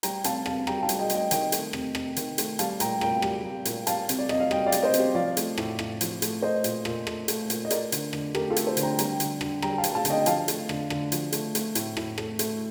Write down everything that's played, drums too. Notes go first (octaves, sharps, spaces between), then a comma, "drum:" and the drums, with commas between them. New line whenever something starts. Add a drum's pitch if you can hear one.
G3 G5 A#5, drum: hi-hat
C3 F5 A5, drum: hi-hat
C3 F5 A5, drum: rim click
G3 G5 A#5, drum: rim click
F5 A5
G3, drum: hi-hat
D#5 G5
C3, drum: hi-hat
D#5 G5
D#3 D#5 G5, drum: hi-hat
A3, drum: hi-hat
C3, drum: rim click
C3, drum: rim click
D#3, drum: hi-hat
A3, drum: hi-hat
G3 F5 A5, drum: hi-hat
A#2 G5 A#5, drum: hi-hat
A#2 G5 A#5, drum: rim click
G3, drum: rim click
G3
A#2, drum: hi-hat
G3 F5 A5, drum: hi-hat
C3, drum: hi-hat
D5
C3 D#5, drum: rim click
F5
G3 D#5 G5, drum: rim click
D5 F5
G3, drum: hi-hat
C5 D#5
C3, drum: hi-hat
G4
F3 D5 F5
A3, drum: hi-hat
A2, drum: rim click
A2, drum: rim click
F3, drum: hi-hat
A3, drum: hi-hat
A3 C5 D#5
A#2, drum: hi-hat
A#2, drum: rim click
A3, drum: rim click
A3, drum: hi-hat
A#2, drum: hi-hat
D#5
A3 A#4 D5, drum: hi-hat
D3, drum: hi-hat
D3, drum: rim click
A3 G4 A#4, drum: rim click
F4 A4
A3, drum: hi-hat
A4 C5
D3, drum: hi-hat
G5 A#5
G3 G5 A#5, drum: hi-hat
D3, drum: hi-hat
D3, drum: rim click
G3 G5 A#5, drum: rim click
F5 A5
G3, drum: hi-hat
F5 A5
D3, drum: hi-hat
D#5 G5
F3 F5 A5, drum: hi-hat
A3, drum: hi-hat
D3, drum: rim click
D3, drum: rim click
F3, drum: hi-hat
A3, drum: hi-hat
A3, drum: hi-hat
A2, drum: hi-hat
A2, drum: rim click
A3, drum: rim click
A3, drum: hi-hat